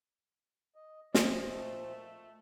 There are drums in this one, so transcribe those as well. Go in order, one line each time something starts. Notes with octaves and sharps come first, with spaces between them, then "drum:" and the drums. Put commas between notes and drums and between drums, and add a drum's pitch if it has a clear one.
D#5
A#2 F3 D#5, drum: snare
A3